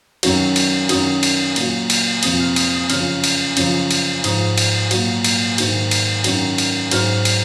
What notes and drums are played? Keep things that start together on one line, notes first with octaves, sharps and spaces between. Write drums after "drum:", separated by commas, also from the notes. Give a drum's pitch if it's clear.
F#2 D#3 F#3, drum: cymbal
drum: cymbal
F#2 D#3 F#3 D#6, drum: cymbal
drum: cymbal
A#2 F#3, drum: cymbal
drum: cymbal
F2 C3 F3 D#6, drum: cymbal
F6
D#6, drum: cymbal
D#6
F#2 C#3 F3 F6, drum: cymbal
drum: cymbal
F#2 C#3 F3, drum: cymbal
drum: cymbal
G#2 F3 D#6, drum: cymbal
drum: cymbal
A#2 F#3, drum: cymbal
drum: cymbal
G#2 D#3 F#3, drum: cymbal
drum: cymbal
F#2 D#3 F#3, drum: cymbal
drum: cymbal
G#2 F#3 F6, drum: cymbal
drum: cymbal